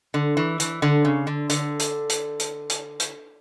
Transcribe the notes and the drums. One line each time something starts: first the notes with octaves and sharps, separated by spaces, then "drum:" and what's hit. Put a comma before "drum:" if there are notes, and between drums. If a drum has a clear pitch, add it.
D3
E3
E3, drum: hi-hat
D3
C#3
D3
D3, drum: hi-hat
drum: hi-hat
drum: hi-hat
drum: hi-hat
drum: hi-hat
drum: hi-hat